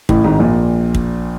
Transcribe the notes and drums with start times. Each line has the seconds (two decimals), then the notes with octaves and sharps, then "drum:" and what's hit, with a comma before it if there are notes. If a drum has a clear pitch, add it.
0.09 A1 A2, drum: kick
0.24 G#1 G#2
0.39 A#1 A#2
0.95 drum: kick